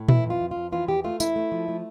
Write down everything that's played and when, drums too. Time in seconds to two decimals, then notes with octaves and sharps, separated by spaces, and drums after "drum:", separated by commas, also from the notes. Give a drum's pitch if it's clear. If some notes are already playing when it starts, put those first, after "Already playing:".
Already playing: A2
0.09 E3 E4, drum: tom A#2
0.25 F2
0.30 F4
0.40 F2
0.51 F4
0.56 F2
0.72 E3 F4
0.88 E2 G4
1.04 A3 F4
1.20 E2 E4, drum: tambourine
1.36 A3
1.52 F3
1.68 A3